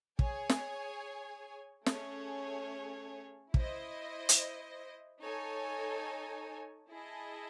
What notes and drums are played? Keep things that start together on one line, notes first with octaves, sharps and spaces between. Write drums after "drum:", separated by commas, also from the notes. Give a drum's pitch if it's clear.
G#4 C#5 G#5, drum: kick
drum: snare
A3 C#4 G#4 C#5, drum: snare
E4 C5 D#5, drum: kick
drum: hi-hat
D#4 A4 C#5 G#5
E4 G#4 D#5 A5